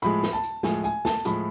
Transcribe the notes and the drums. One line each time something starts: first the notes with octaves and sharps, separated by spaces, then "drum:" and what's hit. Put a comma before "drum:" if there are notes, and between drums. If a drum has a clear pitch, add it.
A2 F3 G#3 B5, drum: hi-hat
drum: snare
A5
drum: hi-hat
A2 F3 G#3 G#5, drum: snare
G#5, drum: hi-hat
A5, drum: snare
A2 F3 G#3 B5, drum: hi-hat